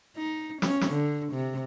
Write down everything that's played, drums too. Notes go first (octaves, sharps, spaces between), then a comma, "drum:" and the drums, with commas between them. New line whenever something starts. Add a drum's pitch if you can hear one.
D#4
C#4, drum: snare
drum: snare
D3
C3